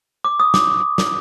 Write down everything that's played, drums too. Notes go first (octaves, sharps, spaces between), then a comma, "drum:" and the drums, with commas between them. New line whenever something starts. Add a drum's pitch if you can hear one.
D6
D#6
D6, drum: snare
drum: snare